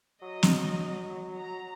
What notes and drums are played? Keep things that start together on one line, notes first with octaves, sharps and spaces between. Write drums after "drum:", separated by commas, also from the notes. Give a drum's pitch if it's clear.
F#3 D#5
drum: snare
A#5